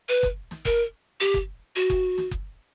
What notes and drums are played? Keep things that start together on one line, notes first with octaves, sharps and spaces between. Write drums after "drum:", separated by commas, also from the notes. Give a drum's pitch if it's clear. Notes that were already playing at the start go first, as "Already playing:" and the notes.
B4
drum: kick F#1
drum: snare
A#4, drum: kick F#1
G4
drum: kick F#1
F#4
drum: kick F#1
drum: snare
drum: kick F#1